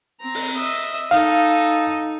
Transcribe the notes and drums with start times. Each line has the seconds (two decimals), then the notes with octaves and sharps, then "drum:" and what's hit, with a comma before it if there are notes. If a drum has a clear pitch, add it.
0.20 C4 A#5
0.34 drum: open hi-hat
0.55 D#5 E5
1.11 D#4 A4 F5